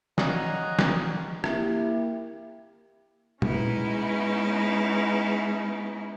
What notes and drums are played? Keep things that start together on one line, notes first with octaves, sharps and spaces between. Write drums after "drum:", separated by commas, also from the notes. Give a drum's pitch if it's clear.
C#5 D#5 F5 F#5 G#5 A#5, drum: snare
drum: snare
A#3 E4 G4, drum: rim click
G#3 B3 C#4 D#4 E4, drum: tom A#2